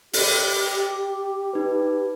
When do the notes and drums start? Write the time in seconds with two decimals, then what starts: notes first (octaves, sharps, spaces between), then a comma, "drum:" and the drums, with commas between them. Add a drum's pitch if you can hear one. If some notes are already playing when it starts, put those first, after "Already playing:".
0.13 G4, drum: open hi-hat
1.53 D#4 B4